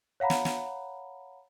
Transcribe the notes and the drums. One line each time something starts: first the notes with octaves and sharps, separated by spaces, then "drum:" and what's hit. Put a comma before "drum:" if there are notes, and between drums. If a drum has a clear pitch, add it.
C#5 F5 F#5 A#5 B5
drum: snare
drum: snare